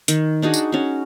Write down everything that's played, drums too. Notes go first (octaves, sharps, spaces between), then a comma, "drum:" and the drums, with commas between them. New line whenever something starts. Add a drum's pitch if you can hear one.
D#3, drum: hi-hat
D4 D#4 F#4 G#4
drum: tambourine
C#4 F#4